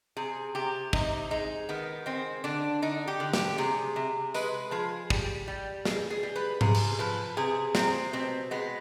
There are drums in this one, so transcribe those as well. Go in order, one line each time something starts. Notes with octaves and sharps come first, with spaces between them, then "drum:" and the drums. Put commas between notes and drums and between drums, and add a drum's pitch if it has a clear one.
C3 G#4
C3 G4
C3 D#4, drum: kick
G#3 D#4
D#3 B3
G#3 C4
D3 D4
D3 D#4
G4
D3
G4, drum: snare
C3 G#4
C3
G#3 B4, drum: tambourine
F3 G#4
G3, drum: kick
G3
B2 G#4, drum: snare
G#4
G3
B4
C3 G#4, drum: tom G#2
drum: cymbal
F3 B4
C3 G#4
C3 C4, drum: snare
B2 C4
G#3 B3